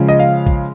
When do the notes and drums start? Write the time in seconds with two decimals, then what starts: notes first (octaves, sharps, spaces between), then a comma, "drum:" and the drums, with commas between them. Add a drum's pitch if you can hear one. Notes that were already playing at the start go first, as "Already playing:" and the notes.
Already playing: C#3 F3 G#3
0.08 D#5
0.19 F5
0.46 drum: kick